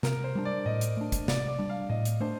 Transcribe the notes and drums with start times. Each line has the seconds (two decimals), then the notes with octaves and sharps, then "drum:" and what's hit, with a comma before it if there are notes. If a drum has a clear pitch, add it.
0.03 C3 A#4, drum: snare
0.24 C5
0.35 G3 A#3 D4
0.45 D5
0.66 A2 D#5
0.81 drum: hi-hat
0.97 A3 D4
1.12 drum: kick, hi-hat
1.28 C3 D5, drum: snare
1.48 D5
1.59 G3 D4
1.70 F5
1.90 A2 D#5
2.05 drum: hi-hat
2.20 A3 D4 C5